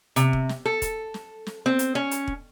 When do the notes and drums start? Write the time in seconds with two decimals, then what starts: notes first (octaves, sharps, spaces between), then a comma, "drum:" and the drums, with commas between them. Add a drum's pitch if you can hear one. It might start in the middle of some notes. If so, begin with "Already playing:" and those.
0.16 C3, drum: hi-hat
0.33 drum: kick E1
0.49 drum: snare
0.65 A4
0.82 drum: kick E1, hi-hat
1.14 drum: snare
1.47 drum: snare
1.66 C4
1.79 drum: hi-hat
1.95 C#4
2.11 drum: hi-hat
2.28 drum: kick E1